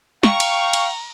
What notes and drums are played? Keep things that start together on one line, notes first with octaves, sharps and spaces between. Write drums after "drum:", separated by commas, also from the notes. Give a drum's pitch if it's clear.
F5 G5 A#5 C#6, drum: snare
drum: cymbal
drum: cymbal